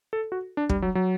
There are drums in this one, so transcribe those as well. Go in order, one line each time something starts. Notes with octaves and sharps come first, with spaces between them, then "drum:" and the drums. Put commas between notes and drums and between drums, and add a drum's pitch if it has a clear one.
A4
F#4
D4
G3, drum: kick
F#3
F#3